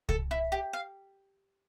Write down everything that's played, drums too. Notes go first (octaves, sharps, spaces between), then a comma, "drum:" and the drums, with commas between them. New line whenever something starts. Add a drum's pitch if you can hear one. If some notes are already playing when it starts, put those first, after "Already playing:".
A4, drum: kick C2
E4
G4
F5